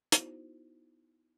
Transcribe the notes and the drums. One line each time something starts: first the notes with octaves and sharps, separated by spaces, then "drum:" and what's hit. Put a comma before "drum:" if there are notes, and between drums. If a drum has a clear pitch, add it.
B3 D#4 E4 F#4 C5, drum: hi-hat